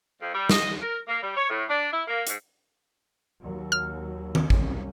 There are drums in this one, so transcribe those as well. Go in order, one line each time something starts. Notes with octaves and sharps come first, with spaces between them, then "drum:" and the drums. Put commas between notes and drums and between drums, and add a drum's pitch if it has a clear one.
F2
G3
D#5, drum: snare
A#4
A#3
G3
C#5
A2
D4
E4
A#3
G#2, drum: hi-hat
D#2 F#3
F6
drum: tom D#3
F#1 C2 C#4, drum: kick